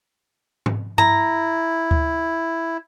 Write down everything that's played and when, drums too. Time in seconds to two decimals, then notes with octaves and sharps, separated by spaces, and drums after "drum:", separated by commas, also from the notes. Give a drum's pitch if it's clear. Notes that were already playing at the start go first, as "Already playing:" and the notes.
0.66 drum: tom G#2
0.98 E4 A#5, drum: tom G2
1.91 drum: kick D2